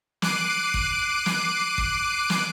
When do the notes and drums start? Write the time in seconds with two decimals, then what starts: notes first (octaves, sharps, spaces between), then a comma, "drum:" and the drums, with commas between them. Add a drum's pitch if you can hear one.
0.22 D6 F#6 C7 D7 D#7, drum: snare
0.74 drum: kick
1.26 drum: snare
1.78 drum: kick
2.30 drum: snare